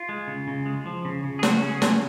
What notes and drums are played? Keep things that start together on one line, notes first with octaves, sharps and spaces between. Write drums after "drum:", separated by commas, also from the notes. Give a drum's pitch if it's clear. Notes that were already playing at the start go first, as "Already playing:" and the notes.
Already playing: F4
G#3
C#3
C#3
G#3
F3
C#3
C#3
G#4
C#3 F#4, drum: snare
C#4
G#4
C#3, drum: snare